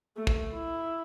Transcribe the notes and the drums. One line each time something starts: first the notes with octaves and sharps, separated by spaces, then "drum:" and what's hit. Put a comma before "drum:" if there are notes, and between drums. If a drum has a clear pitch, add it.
A3
drum: kick
E4